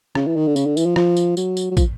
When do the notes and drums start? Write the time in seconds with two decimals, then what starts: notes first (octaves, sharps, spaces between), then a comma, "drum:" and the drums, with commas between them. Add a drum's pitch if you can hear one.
0.15 C#3, drum: rim click
0.27 E3
0.36 D#3
0.47 D3
0.56 C#3, drum: tambourine
0.66 D3
0.77 E3, drum: tambourine
0.86 F3
0.96 F3, drum: rim click
1.17 drum: tambourine
1.37 F#3, drum: tambourine
1.57 drum: tambourine
1.71 F#3
1.77 F3, drum: kick, tambourine